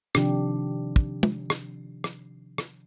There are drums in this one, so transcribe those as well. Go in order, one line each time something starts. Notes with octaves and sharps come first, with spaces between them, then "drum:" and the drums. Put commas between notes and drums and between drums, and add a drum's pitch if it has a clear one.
C3 D#3 F3 D4 G4, drum: rim click
drum: kick
drum: tom
drum: rim click
drum: rim click
drum: rim click